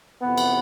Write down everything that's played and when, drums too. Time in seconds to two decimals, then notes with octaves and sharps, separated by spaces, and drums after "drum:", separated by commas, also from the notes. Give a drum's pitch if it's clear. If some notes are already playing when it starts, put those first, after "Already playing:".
0.22 F2 C3 E3 B3
0.37 drum: cymbal